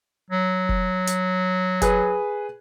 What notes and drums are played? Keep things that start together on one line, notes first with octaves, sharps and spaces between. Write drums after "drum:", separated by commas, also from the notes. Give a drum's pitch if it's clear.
F#3
drum: kick F1
drum: hi-hat
G#4 B4, drum: kick F1, hi-hat